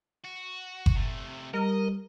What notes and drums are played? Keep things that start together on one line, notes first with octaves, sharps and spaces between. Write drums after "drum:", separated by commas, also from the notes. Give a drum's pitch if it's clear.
F#4
drum: kick F#1
C3 A3
G3 A#4 D#5